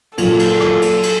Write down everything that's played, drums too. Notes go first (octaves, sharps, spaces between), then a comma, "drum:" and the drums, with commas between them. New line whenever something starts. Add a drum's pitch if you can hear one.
A#2 F#3 D4 A4, drum: cymbal
drum: cymbal
drum: rim click
drum: cymbal
drum: cymbal